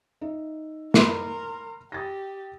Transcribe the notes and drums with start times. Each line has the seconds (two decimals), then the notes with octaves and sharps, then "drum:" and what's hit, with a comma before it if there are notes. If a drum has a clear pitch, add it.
0.21 D#4 E5
0.94 A#4 B5 C6 F#6, drum: snare
1.92 G4 D#6 A6 A#6